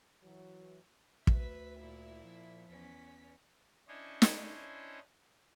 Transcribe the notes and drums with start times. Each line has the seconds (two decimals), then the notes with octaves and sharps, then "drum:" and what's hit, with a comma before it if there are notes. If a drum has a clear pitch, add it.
0.24 E3 F#3
1.27 D2 B4 E5 B6, drum: kick
1.80 A#2 E4
2.24 F3
2.70 E2 C#4 B6
3.88 C#4 D4 E4 C5 C#5 D#5
4.22 drum: snare